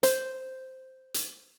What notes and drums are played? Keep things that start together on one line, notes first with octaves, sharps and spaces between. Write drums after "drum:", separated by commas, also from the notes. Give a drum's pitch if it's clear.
C5, drum: hi-hat
drum: hi-hat